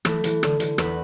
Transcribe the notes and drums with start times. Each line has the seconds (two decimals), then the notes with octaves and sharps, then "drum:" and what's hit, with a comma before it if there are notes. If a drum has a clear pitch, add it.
0.05 E3 A3, drum: rim click
0.24 E3, drum: hi-hat
0.43 D3, drum: rim click
0.60 D3, drum: hi-hat
0.78 E2 B4, drum: rim click